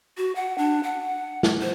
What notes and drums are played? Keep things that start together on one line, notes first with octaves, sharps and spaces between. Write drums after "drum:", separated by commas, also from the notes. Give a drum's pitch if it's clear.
F#4
F#5
D4
F#5
drum: snare
C5